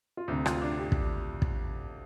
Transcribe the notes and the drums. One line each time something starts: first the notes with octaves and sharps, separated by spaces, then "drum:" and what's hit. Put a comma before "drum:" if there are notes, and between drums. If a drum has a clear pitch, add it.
F4
D2 C3 D4
F4, drum: rim click
D4
G4
drum: kick
drum: kick